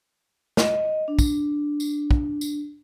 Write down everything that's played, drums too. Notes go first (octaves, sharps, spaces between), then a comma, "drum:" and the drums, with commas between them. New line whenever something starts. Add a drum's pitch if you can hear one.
D#5, drum: snare
D4
drum: kick, tambourine
drum: tambourine
drum: kick
drum: tambourine